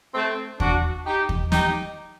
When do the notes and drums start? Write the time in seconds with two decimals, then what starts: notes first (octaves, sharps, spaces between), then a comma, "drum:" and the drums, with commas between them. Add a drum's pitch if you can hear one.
0.14 A3 C4
0.60 D4 F#4, drum: kick
1.05 D#4 G4
1.29 drum: kick
1.52 D#4 G4, drum: snare